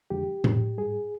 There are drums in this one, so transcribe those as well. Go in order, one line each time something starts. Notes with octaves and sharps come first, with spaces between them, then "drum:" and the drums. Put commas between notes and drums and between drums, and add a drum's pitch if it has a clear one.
F2 D3 F3 G#3 G4
F2 D3 F3 G#3, drum: tom A2
G#2 G3 G#4